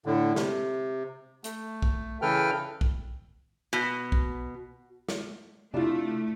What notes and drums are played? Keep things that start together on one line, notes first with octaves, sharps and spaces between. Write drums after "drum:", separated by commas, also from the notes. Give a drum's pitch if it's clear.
A2 D3
C3, drum: snare
A3, drum: hi-hat
drum: kick B1
C#3 E3 A4 B4 G5 F6
drum: kick B1
B2
drum: kick B1
drum: snare
C3 A3 D4 E4 F4